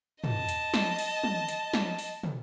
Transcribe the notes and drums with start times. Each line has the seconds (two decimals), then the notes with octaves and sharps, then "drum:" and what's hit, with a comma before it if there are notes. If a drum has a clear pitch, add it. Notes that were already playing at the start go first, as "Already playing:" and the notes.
0.24 D#5 A5, drum: tom
0.49 drum: hi-hat
0.74 drum: snare
0.99 drum: open hi-hat
1.24 drum: tom
1.49 drum: hi-hat
1.74 drum: snare
1.98 drum: open hi-hat
2.23 drum: tom